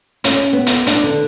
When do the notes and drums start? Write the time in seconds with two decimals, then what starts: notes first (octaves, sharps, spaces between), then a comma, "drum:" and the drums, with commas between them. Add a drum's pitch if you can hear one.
0.24 C#4, drum: hi-hat
0.53 B3
0.66 drum: hi-hat
0.87 D4, drum: hi-hat
1.03 D3